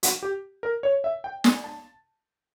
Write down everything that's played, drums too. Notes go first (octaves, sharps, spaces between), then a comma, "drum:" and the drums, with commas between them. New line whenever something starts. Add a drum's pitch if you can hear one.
F#4, drum: hi-hat
G4
A#4
C#5
E5
G5
G#5, drum: snare
A5